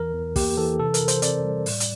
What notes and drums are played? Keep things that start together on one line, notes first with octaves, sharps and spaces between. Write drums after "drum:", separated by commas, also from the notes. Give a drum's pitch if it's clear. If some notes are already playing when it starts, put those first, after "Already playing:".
Already playing: E2 E3 A#4
E2
A#3 G4, drum: kick, open hi-hat
E3 A4
C3 A4
A#4, drum: hi-hat
C3
C5, drum: hi-hat
C4 D5, drum: hi-hat
G3
A2, drum: open hi-hat
drum: hi-hat